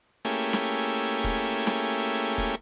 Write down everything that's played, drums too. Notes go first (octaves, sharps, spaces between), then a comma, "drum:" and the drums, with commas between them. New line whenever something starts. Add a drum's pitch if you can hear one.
A3 A#3 C#4 E4 G4 G#4
drum: snare
drum: kick
drum: snare
drum: kick